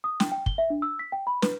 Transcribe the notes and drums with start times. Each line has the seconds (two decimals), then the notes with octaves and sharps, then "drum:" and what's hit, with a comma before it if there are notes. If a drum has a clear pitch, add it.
0.04 D#6
0.20 G5, drum: snare
0.32 G5
0.46 G7, drum: kick
0.58 E5
0.70 D4
0.82 E6
0.99 B6
1.12 G5
1.27 B5
1.42 B4, drum: snare